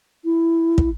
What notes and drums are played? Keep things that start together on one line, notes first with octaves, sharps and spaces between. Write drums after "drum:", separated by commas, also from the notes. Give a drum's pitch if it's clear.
E4
drum: kick